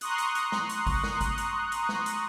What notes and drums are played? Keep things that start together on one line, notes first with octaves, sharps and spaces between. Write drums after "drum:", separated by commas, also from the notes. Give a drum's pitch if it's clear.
A#5 C6 C#6 D#6 F#6, drum: hi-hat
drum: hi-hat
drum: hi-hat
drum: snare G#3
drum: hi-hat
drum: kick G#1, open hi-hat
drum: snare G#3
drum: kick G#1, hi-hat
drum: hi-hat
drum: hi-hat
drum: snare G#3
drum: hi-hat